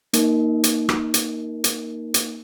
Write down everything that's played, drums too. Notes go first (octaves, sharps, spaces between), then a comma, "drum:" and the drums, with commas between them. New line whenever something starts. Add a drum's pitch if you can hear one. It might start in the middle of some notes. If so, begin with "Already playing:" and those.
A#3 D#4 A#4, drum: hi-hat
drum: hi-hat
drum: rim click
drum: hi-hat
drum: hi-hat
drum: hi-hat